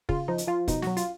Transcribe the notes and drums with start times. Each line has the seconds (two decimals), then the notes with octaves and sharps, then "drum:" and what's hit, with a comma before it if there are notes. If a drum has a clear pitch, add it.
0.09 C#3 F4, drum: kick
0.28 F3 D#4
0.38 drum: hi-hat
0.47 F3 F4
0.68 B2 D#4, drum: kick, hi-hat
0.82 F#3 F#4, drum: snare
0.97 F4, drum: hi-hat